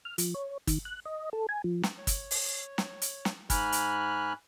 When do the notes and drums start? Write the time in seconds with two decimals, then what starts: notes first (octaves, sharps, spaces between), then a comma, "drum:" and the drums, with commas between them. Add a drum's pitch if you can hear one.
0.05 F6
0.18 F3, drum: hi-hat
0.34 C#5
0.67 D#3, drum: kick G1, hi-hat
0.85 F#6
1.05 D#5
1.33 A4
1.49 G#5
1.64 F3
1.83 drum: snare
1.98 C#5
2.07 drum: kick G1, hi-hat
2.31 drum: open hi-hat
2.78 drum: snare
3.02 drum: hi-hat
3.25 drum: snare
3.50 G#2 G#5 B5 F6 F#6, drum: kick G1, hi-hat
3.72 drum: hi-hat